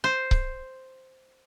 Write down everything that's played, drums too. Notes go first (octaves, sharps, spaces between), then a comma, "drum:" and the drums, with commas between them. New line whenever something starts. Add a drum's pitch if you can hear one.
C5
drum: kick C#1